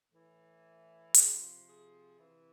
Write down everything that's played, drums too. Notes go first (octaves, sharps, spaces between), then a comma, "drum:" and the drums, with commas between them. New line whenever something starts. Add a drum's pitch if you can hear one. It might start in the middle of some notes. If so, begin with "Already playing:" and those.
A2 E3
C3 F3 G#4, drum: hi-hat
G#4
C3 E3